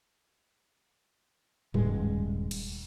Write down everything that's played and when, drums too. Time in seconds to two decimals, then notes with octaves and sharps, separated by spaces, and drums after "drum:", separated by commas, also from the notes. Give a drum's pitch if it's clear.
1.74 D#1 G2 G#3, drum: tom G#2
2.51 drum: cymbal